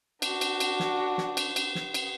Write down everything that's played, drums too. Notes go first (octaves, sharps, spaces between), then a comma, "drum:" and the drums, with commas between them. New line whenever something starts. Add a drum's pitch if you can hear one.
D4 F#4, drum: cymbal
drum: cymbal
drum: cymbal
drum: snare
drum: snare
drum: cymbal
drum: cymbal
drum: snare
drum: cymbal